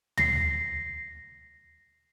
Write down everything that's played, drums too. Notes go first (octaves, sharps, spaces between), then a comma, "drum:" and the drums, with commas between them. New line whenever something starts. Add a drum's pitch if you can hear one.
A#6 C7, drum: tom